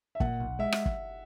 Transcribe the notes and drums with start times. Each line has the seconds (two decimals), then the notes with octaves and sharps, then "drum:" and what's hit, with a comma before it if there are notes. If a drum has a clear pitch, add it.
0.15 E5
0.20 A#2 F#5, drum: kick
0.40 B1
0.59 G#3 E5
0.72 drum: rim click
0.86 drum: kick